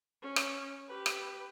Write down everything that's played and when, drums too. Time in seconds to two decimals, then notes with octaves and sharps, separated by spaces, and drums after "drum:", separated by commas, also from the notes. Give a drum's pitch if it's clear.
0.22 C#4
0.36 drum: rim click
0.88 G4 B4
1.06 drum: rim click